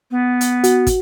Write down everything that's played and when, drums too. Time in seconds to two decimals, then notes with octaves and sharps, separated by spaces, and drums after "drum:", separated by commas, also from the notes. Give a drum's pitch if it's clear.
0.11 B3
0.41 drum: hi-hat
0.64 F#4, drum: hi-hat
0.87 drum: kick, hi-hat